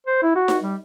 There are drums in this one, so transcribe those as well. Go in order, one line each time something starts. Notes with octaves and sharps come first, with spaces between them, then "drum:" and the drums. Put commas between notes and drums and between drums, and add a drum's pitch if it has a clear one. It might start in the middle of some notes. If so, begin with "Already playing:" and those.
C5
E4
F#4
drum: snare D#4
G3